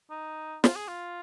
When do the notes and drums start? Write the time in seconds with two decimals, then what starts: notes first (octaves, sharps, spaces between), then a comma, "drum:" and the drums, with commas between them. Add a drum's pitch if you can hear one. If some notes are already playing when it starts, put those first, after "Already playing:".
0.11 D#4
0.64 F4, drum: snare
0.76 G#4
0.88 F4